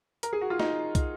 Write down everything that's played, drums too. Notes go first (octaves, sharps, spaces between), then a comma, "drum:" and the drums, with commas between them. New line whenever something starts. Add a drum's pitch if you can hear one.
A#4, drum: hi-hat
G#4
F#4
F4
D#4, drum: snare
drum: kick, hi-hat